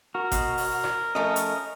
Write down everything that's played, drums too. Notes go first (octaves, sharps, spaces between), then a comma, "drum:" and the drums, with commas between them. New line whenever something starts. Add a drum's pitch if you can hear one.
F#4 A#4
B2, drum: kick G1, hi-hat
drum: open hi-hat
drum: rim click
F3 A3 C#4 A#4 D#5
drum: hi-hat